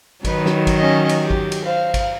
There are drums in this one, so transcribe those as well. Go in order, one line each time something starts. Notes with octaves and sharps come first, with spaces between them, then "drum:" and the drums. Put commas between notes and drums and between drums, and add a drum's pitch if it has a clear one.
D#3 F#3 D#4 B4, drum: kick G#1, cymbal
drum: snare
drum: kick G#1, cymbal
C#4 D#5
drum: cymbal
G4
drum: kick G#1
drum: cymbal
C5 F5
drum: kick G#1, cymbal